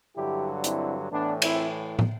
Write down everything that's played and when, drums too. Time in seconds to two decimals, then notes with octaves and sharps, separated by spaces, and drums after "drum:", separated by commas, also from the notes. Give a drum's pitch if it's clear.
0.16 G2 D3 F#3 E4 G4
0.64 C4 E4, drum: hi-hat
1.11 A2 E3 B3 D4
1.42 C4 E4, drum: cymbal
1.99 drum: tom